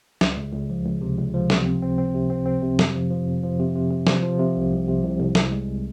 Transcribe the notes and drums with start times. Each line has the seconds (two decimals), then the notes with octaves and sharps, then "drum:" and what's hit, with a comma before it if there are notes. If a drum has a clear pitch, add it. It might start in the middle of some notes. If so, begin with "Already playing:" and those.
0.21 C#2, drum: snare
0.37 C#2
0.53 C#2
0.70 F3
0.85 C#2
1.01 C3
1.17 C#2
1.34 F3
1.50 C3, drum: snare
1.66 C4
1.82 C4
1.98 C4
2.15 C3
2.30 C4
2.46 C4
2.62 C3
2.79 F2, drum: snare
2.95 F3
3.10 F3
3.27 F2
3.43 F3
3.59 C3
3.75 C3
3.91 C3
4.07 F3, drum: snare
4.23 F3
4.39 C3
4.56 C2
4.72 C2
4.88 C3
5.03 C2
5.20 C2
5.35 C2, drum: snare
5.52 G#3